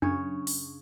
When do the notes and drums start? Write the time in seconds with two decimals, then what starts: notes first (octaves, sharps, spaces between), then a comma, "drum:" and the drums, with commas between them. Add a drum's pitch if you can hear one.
0.02 F#2 C#3 D4 C#5
0.47 drum: open hi-hat